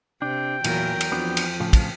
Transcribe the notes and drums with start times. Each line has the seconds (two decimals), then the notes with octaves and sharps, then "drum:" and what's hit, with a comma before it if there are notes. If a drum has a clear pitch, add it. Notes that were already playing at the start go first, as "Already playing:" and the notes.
0.22 C3 D4 G5
0.64 E2 A#2 E3 F#3 F4 A#4, drum: cymbal
1.01 drum: cymbal
1.12 F2 B3 D4 F#4
1.37 drum: cymbal
1.60 A2 C#3 F3
1.73 drum: kick, cymbal